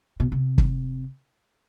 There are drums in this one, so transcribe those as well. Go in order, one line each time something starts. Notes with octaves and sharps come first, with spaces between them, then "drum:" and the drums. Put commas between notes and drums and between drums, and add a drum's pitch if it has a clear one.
B2
C3
drum: kick